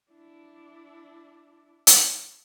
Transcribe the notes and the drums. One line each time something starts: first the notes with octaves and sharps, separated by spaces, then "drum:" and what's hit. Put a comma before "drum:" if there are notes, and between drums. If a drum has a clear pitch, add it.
D4 E4
drum: hi-hat